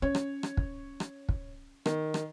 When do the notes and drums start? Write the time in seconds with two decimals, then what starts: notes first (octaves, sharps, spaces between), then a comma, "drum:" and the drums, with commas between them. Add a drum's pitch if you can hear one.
0.02 C#4 C#5
0.15 drum: rim click
0.43 drum: rim click
0.57 drum: kick
1.00 drum: rim click
1.29 drum: kick
1.86 D#3, drum: rim click
2.14 drum: rim click